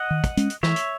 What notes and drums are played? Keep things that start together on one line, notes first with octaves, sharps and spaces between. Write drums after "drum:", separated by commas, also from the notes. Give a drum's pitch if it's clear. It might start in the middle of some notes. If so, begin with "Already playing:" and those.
Already playing: D#5 F#5
D#3
drum: kick, hi-hat
G#3 C#4, drum: hi-hat
drum: hi-hat
E3 C#5 E5, drum: snare
drum: hi-hat